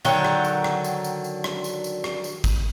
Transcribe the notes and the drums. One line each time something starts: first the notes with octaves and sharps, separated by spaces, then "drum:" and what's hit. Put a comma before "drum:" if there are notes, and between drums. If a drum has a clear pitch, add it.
D3 D#3 F#3 G5, drum: tambourine
drum: rim click
drum: tambourine
drum: rim click
drum: tambourine
drum: tambourine
drum: tambourine
drum: rim click
drum: tambourine
drum: tambourine
drum: rim click
drum: tambourine
drum: kick, tambourine